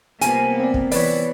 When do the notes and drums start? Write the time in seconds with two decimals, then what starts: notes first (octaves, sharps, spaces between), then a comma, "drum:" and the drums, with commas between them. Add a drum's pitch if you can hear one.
0.21 C3 F3 G3 A#3 B3 G#5, drum: hi-hat
0.60 C4 D5
0.74 drum: kick
0.92 E3 B3 B4 C#5 D5, drum: open hi-hat